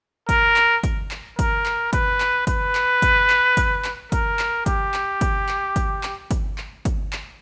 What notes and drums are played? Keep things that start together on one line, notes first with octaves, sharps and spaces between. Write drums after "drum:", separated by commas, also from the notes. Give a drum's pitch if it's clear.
A#4, drum: kick, hi-hat
drum: clap
drum: kick, hi-hat
drum: clap
A#4, drum: kick, hi-hat
drum: clap
B4, drum: kick, hi-hat
drum: clap
B4, drum: kick, hi-hat
drum: clap
drum: kick, hi-hat
drum: clap
drum: kick, hi-hat
drum: clap
A#4, drum: kick, hi-hat
drum: clap
G4, drum: kick, hi-hat
drum: clap
drum: kick, hi-hat
drum: clap
drum: kick, hi-hat
drum: clap
drum: kick, hi-hat
drum: clap
drum: kick, hi-hat
drum: clap